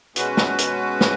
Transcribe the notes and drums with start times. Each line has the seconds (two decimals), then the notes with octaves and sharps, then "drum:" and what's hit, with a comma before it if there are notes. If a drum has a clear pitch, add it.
0.16 B2 G#3 C#4 F#4 B4, drum: hi-hat
0.37 drum: snare
0.58 drum: hi-hat
1.01 drum: snare